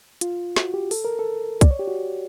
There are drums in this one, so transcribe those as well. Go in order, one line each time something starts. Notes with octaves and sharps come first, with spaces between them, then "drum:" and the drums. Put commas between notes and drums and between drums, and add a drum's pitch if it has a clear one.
F4, drum: hi-hat
F#4, drum: snare
G4
A4, drum: open hi-hat
A#4
A4
D5, drum: kick, hi-hat
C#5
G4
F#4